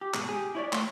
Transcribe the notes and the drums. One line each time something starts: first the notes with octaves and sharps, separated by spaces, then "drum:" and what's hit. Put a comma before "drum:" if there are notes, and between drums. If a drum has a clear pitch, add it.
G4
G#2 B2 G#3, drum: clap
G4 G#4
E4 C#5 D5
A3 C#5 C6, drum: clap